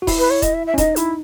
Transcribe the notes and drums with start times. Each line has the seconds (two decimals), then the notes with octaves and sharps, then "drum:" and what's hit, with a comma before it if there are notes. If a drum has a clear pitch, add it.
0.02 F#4
0.07 E4, drum: kick D#1, open hi-hat
0.18 B4
0.30 C#5
0.42 D#5, drum: kick D#1, hi-hat
0.54 E5
0.67 E5
0.74 C#4
0.78 D#4 D#5, drum: kick D#1, hi-hat
0.96 E4, drum: hi-hat